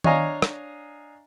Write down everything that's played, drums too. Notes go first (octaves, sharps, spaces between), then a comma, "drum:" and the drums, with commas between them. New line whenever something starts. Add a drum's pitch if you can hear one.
D4 C#5 D#5 F5 G#5 A#5, drum: tom D#3
drum: rim click